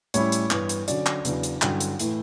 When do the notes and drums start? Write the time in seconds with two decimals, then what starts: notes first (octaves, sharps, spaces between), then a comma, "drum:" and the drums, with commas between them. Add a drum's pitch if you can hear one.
0.14 A2 G3 C#4 E4 C#5, drum: hi-hat
0.32 drum: hi-hat
0.51 G2 E3 B3, drum: clap
0.69 drum: hi-hat
0.88 D3 F#3 C#4 D5, drum: hi-hat
1.06 drum: clap
1.25 E2 C#3 F#3 B3 D4, drum: hi-hat
1.43 drum: hi-hat
1.62 G2 D3 F#3 C#4 E4 G5, drum: clap
1.80 drum: hi-hat
1.99 A2 E3 A3 E4, drum: hi-hat